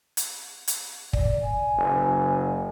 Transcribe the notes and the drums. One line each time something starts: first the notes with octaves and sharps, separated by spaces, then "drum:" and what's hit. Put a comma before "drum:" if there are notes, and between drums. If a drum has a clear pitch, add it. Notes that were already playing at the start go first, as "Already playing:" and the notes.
drum: hi-hat
drum: hi-hat
D5, drum: kick
G#5
F#1